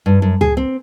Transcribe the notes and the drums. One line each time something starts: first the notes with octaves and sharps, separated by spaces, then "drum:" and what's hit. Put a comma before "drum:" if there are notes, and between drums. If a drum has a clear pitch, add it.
G2
F#2
G#4, drum: tom C#2
C4